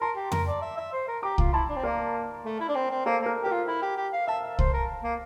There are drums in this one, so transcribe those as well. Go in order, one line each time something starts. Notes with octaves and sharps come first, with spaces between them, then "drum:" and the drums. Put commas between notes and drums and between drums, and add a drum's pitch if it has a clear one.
A#4 A5 C6
G4
A#4, drum: tom F2
D5
E5
E5
C5
A#4
G4 A#5 D6
F4, drum: kick C2
E4 A5 C6
D4
C4
A#3 A#4 D5
A3
E4
D4
C4
C4
A#3 A4 C5
A#3 A#4
G4 A#4
F4
E4
G4
G4
F5
E5 F5 A5
E5
C5, drum: kick C2
A#4
A#3